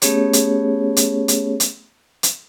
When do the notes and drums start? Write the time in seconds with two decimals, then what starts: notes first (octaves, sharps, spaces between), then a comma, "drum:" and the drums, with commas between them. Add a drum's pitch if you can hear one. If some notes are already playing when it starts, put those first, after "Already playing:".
0.02 A3 B3 C#4 G4 G#4 C#5, drum: hi-hat
0.33 drum: hi-hat
0.97 drum: hi-hat
1.28 drum: hi-hat
1.60 drum: hi-hat
2.23 drum: hi-hat